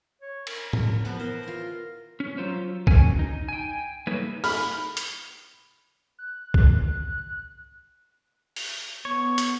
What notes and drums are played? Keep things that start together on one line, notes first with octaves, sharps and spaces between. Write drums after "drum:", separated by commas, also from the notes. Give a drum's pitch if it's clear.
C#5
A#4, drum: cymbal
drum: tom
E3 F3 B3 B4
A#4 C5
F4 C6
C#4
F#3 F4 C5 C#5
F#3 C#4 G#5, drum: kick
D#4
G5 G#5
G3 A3 A#3 D#4 B4 C#5
B5 F6, drum: open hi-hat
drum: hi-hat
F#6
drum: kick
drum: open hi-hat
B3 C#5
drum: hi-hat